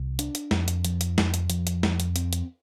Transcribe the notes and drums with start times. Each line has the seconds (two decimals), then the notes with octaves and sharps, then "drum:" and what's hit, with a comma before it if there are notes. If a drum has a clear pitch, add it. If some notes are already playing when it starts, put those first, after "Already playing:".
Already playing: C2
0.19 D4, drum: hi-hat
0.35 drum: hi-hat
0.51 F2, drum: snare
0.68 drum: hi-hat
0.85 F3, drum: hi-hat
1.01 drum: hi-hat
1.18 F2, drum: snare
1.34 drum: hi-hat
1.50 F3, drum: hi-hat
1.67 drum: hi-hat
1.83 F2, drum: snare
2.00 drum: hi-hat
2.16 C4, drum: hi-hat
2.33 drum: hi-hat